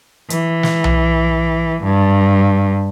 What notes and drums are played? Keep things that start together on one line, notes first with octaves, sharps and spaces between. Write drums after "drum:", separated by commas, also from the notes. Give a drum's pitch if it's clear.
E3, drum: hi-hat
drum: snare
drum: tom B1
G2